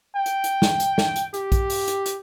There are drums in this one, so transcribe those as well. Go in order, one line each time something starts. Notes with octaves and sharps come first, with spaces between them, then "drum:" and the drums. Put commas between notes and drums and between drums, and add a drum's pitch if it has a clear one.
G5
drum: hi-hat
drum: hi-hat
drum: snare
drum: hi-hat
drum: snare
drum: hi-hat
G4, drum: hi-hat
drum: kick A#1, hi-hat
drum: open hi-hat
drum: hi-hat
drum: hi-hat